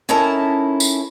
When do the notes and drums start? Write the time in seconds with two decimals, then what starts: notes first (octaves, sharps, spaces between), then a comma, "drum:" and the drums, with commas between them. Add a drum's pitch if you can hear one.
0.09 C#4 D#4 E4 A4 A#4 A5
0.80 drum: tambourine